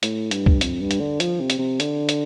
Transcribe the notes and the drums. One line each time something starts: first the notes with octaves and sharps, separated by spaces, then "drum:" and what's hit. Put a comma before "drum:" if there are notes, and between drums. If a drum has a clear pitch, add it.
A2, drum: hi-hat
G2, drum: hi-hat
drum: kick C2
F2, drum: hi-hat
G2
drum: hi-hat
D3
F3, drum: hi-hat
C3
drum: hi-hat
C3
D3, drum: hi-hat
drum: hi-hat